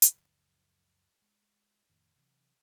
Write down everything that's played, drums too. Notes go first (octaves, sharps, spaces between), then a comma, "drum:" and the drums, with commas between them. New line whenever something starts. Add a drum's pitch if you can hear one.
drum: hi-hat
F#1 C#2 F#2 F3
G#3
F2 A2 D#3
C3 E3 F#3